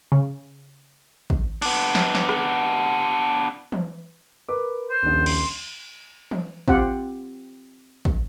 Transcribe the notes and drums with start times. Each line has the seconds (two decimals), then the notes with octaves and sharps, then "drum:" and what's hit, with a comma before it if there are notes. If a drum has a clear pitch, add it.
0.12 C#3
1.30 drum: kick
1.62 B3 D4, drum: cymbal
1.95 drum: snare
2.15 drum: snare
2.29 drum: rim click
3.72 drum: tom E3
4.49 A#4 B4 D6
4.90 C5
5.03 D#1 A#1
5.26 C6, drum: cymbal
6.31 drum: tom E3
6.68 C4 F4 G4 F#5, drum: kick
8.05 drum: kick